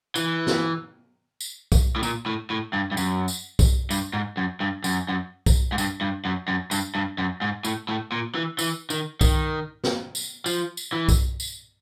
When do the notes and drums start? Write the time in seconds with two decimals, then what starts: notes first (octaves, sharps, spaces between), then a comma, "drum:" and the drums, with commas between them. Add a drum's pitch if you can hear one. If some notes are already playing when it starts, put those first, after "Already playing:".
0.16 E3, drum: tambourine
0.47 drum: snare
1.40 drum: tambourine
1.72 drum: kick B1, tambourine
1.96 A2
2.03 A#2, drum: tambourine
2.26 A2
2.50 A2
2.73 G2
2.92 G2
2.97 F#2, drum: tambourine
3.28 drum: tambourine
3.59 drum: kick B1, tambourine
3.91 G2, drum: tambourine
4.13 G#2
4.37 F#2
4.60 G2
4.84 F#2, drum: tambourine
5.09 F#2
5.46 drum: kick B1, tambourine
5.72 G#2
5.78 G2, drum: tambourine
6.01 G2
6.25 F#2
6.48 F#2
6.71 G2, drum: tambourine
6.95 G2
7.18 F#2
7.42 G#2
7.65 A2, drum: tambourine
7.89 A2
8.12 A#2
8.35 E3
8.59 E3, drum: tambourine
8.90 D#3, drum: tambourine
9.21 D#3, drum: kick B1, tambourine
9.84 drum: snare
10.15 drum: tambourine
10.46 F3, drum: tambourine
10.77 drum: tambourine
10.93 E3
11.09 drum: kick B1, tambourine
11.40 drum: tambourine